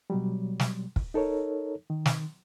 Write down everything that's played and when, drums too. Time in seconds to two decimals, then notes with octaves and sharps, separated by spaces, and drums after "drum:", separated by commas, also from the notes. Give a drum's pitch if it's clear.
0.10 B2 F#3 G3
0.60 drum: snare
0.96 drum: kick
1.14 D#4 A4 A#4 C#5
1.90 D#3
2.06 drum: snare